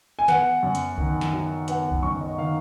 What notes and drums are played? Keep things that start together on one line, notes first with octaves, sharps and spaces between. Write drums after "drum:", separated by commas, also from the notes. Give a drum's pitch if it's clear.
G#5
B3 F#5, drum: snare
F#2
drum: hi-hat
D#3, drum: kick C2
drum: snare
F#3
B3 F#5, drum: hi-hat
drum: kick C2
F#2 C#6
D#5
D#3 F5